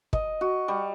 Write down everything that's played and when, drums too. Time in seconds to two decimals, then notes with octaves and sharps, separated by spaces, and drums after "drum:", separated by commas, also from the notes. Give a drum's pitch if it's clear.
0.13 D#5, drum: kick
0.41 F#4
0.68 G3